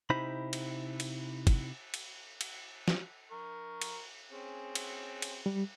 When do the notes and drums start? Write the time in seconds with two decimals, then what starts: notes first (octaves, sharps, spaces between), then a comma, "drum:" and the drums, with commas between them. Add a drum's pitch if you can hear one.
0.10 C3 D#4 E4 C5 B5
0.53 drum: cymbal
1.00 drum: cymbal
1.47 drum: kick, cymbal
1.94 drum: cymbal
2.41 drum: cymbal
2.88 drum: snare
3.31 A#4 C#6
3.82 drum: cymbal
4.32 C4 C#4 G#4
4.75 drum: cymbal
5.22 drum: cymbal
5.46 G3